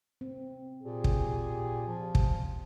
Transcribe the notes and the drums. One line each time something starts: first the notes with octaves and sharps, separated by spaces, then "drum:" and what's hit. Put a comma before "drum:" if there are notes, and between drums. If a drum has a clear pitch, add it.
C4
A#2 G4 G#4
drum: kick
F3
drum: kick